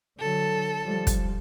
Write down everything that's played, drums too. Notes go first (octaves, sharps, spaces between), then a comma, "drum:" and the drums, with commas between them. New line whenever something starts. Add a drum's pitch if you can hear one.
D3 F#3 A4
F3 G3
drum: kick, hi-hat